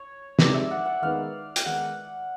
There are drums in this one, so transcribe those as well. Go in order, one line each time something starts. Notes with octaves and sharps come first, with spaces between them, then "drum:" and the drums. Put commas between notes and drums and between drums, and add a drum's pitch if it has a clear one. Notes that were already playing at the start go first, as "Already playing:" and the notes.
Already playing: C#5
F3 G#3 C4 D#4 G4 D5, drum: snare
E5
F#5
F#5
D#3 G#3 B3 D#4 F5
G5, drum: hi-hat
D#3 G#3 B3 D#4 F#5